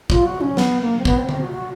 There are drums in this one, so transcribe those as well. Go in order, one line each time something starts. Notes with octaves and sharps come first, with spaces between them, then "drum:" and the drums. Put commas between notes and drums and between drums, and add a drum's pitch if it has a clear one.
F4, drum: kick
F#4
C#4
B3, drum: snare
A#3
C4
B3, drum: kick
C4
C4, drum: tom D3
F#4
F#4